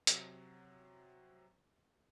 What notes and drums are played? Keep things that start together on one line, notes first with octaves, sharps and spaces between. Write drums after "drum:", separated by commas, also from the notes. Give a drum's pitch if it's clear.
C3 F#3, drum: hi-hat